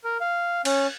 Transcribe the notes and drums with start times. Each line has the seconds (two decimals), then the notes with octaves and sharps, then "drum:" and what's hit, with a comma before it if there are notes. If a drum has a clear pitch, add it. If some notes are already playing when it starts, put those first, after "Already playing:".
0.04 A#4
0.21 F5
0.65 C#4, drum: cymbal